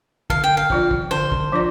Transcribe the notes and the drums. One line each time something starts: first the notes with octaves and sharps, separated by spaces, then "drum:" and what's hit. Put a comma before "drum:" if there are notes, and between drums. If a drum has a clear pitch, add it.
D3 F5, drum: kick
G5
F5
F3 D4 F4 D5, drum: kick
drum: kick
D3 C5
drum: kick
F3 D4 F4 D5